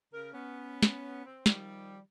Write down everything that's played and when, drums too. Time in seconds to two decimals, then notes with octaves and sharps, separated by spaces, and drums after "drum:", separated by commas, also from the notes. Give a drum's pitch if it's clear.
0.13 C#3 A#4
0.33 B3 C#4
0.83 drum: snare
1.25 C4
1.46 D#3 F3 G3, drum: snare